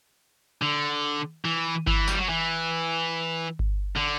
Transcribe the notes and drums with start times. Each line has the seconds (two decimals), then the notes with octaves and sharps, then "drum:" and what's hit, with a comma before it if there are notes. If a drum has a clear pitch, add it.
0.62 D3
1.45 E3
1.87 E3, drum: kick G1
2.08 G3, drum: tambourine
2.19 F#3
2.30 E3
3.59 drum: kick G1
3.97 D3